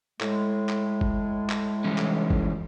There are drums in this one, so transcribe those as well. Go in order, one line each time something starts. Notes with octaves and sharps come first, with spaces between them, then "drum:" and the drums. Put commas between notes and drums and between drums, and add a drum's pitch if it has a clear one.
A2 G#3, drum: clap
drum: clap
drum: kick G1
drum: clap
E3 G3 C#4
drum: clap
drum: kick G1